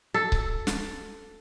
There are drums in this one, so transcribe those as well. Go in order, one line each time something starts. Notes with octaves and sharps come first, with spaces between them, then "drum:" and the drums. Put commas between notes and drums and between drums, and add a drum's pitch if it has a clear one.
A4
drum: kick C#1
drum: snare